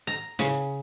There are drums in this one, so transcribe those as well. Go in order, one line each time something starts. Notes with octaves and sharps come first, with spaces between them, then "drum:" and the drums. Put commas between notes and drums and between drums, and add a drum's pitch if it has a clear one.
A#5
C#3, drum: snare